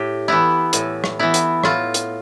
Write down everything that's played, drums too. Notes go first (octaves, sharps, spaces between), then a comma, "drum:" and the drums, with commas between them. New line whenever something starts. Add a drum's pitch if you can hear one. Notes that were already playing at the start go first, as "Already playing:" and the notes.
Already playing: A2 G4
E3 B3 E4
A2, drum: hi-hat
drum: rim click
E3 B3 E4
drum: hi-hat
A2 F4, drum: rim click
drum: hi-hat